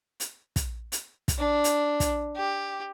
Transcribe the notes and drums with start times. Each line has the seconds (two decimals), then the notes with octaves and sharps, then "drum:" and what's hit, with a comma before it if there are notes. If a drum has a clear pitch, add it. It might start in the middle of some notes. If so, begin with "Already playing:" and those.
0.20 drum: hi-hat
0.56 drum: kick, hi-hat
0.92 drum: hi-hat
1.28 drum: kick, hi-hat
1.39 D4
1.64 drum: hi-hat
2.00 drum: kick, hi-hat
2.36 G4